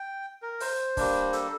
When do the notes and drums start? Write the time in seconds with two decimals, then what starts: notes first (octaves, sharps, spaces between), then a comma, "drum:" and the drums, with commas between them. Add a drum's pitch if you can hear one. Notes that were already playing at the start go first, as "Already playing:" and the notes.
Already playing: G5
0.42 A#4
0.60 C5, drum: open hi-hat
0.97 G3 A#3 D4, drum: kick C#1, open hi-hat
1.33 A4, drum: hi-hat